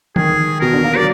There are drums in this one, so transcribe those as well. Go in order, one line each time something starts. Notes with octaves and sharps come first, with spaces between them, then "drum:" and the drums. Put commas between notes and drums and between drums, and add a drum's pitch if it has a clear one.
D#3 G#4, drum: tom E3
B2 A#4
D3
A#3
F#3 D5